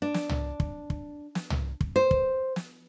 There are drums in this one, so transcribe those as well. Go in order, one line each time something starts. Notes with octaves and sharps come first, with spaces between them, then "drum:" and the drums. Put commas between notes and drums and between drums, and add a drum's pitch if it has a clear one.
D4
drum: snare
drum: tom
drum: kick
drum: kick
drum: snare
drum: tom
drum: kick
C5
drum: kick
drum: snare